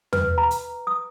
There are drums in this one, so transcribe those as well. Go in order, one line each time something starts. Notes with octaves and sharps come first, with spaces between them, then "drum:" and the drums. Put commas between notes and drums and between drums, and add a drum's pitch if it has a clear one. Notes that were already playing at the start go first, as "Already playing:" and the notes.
B4, drum: tom E2
A#5
drum: hi-hat
D#6